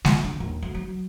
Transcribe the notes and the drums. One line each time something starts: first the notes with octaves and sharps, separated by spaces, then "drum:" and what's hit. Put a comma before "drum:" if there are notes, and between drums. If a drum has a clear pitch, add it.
F4, drum: snare G#3
D4
D#2
D2
F#3